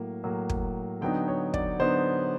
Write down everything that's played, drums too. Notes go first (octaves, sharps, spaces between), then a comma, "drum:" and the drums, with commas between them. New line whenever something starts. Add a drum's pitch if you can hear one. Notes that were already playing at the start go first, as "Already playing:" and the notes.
Already playing: A2 F#3 A#3
A2 F#3 A#3
drum: kick
D3 F#3 B3 D#4 G5
C#5
D5, drum: kick
D3 F#3 B3 D#4 C5